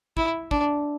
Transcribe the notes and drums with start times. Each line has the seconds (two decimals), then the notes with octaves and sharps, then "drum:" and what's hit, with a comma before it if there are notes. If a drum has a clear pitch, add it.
0.17 E4, drum: kick
0.51 D4, drum: kick